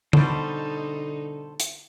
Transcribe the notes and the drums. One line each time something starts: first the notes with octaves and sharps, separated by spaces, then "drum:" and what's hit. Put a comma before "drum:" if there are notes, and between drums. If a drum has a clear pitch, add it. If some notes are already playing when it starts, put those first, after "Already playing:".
B2 D3 G3 D#4 A4 C5, drum: tom
drum: hi-hat